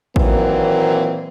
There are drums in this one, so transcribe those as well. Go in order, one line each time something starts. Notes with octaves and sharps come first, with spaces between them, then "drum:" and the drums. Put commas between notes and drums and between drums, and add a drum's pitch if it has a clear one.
A#2 D#3 E3 F#3 A#3 C4, drum: kick A1